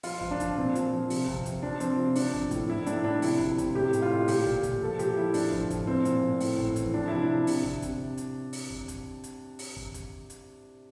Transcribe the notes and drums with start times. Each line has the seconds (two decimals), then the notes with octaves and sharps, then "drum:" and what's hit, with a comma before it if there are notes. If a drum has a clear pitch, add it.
0.03 F3 F4, drum: open hi-hat
0.21 F3, drum: kick
0.31 D4
0.40 F3, drum: kick, hi-hat
0.57 A#2 C4
0.75 F3, drum: hi-hat
0.92 F3
1.10 C3, drum: open hi-hat
1.28 C3, drum: kick
1.46 F3, drum: kick, hi-hat
1.62 F3 D4
1.80 F3 C4, drum: hi-hat
1.99 C3
2.16 F3 D4, drum: open hi-hat
2.34 F3, drum: kick
2.51 A2, drum: kick, hi-hat
2.70 A2 E4
2.86 A2 D4, drum: hi-hat
3.04 F3 D4
3.22 C3 E4, drum: open hi-hat
3.39 C3, drum: kick
3.58 C3, drum: kick, hi-hat
3.75 A2 G4
3.93 A2, drum: hi-hat
4.02 F4
4.10 A2
4.28 A#2 G4, drum: open hi-hat
4.46 A#2, drum: kick
4.63 A#2, drum: kick, hi-hat
4.82 F3 A4
4.99 A#2 G4, drum: hi-hat
5.17 F3 E4
5.34 A2 D4, drum: open hi-hat
5.52 F3, drum: kick
5.70 A2, drum: kick, hi-hat
5.87 F3 C4
6.05 A#2, drum: hi-hat
6.23 A#2
6.40 A2, drum: open hi-hat
6.59 A2, drum: kick
6.76 E3, drum: kick, hi-hat
6.94 F3 D4
7.08 C3 E4
7.22 D4
7.28 C3
7.47 C3, drum: open hi-hat
7.64 C3, drum: kick
7.82 C3, drum: kick, hi-hat
8.17 drum: hi-hat
8.53 drum: open hi-hat
8.70 drum: kick
8.88 drum: kick, hi-hat
9.24 drum: hi-hat
9.59 drum: open hi-hat
9.77 drum: kick
9.94 drum: kick, hi-hat
10.30 drum: hi-hat